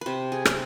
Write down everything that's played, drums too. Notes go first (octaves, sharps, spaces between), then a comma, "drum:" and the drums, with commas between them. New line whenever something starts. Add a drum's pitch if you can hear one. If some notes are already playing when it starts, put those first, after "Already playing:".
C3 B4 C5
G#4
C3, drum: rim click